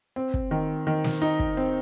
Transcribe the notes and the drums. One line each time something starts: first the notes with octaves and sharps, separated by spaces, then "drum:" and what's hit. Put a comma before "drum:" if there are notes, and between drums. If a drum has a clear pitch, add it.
C4
drum: kick
D#3
D#3
drum: snare
D#4
drum: kick
C4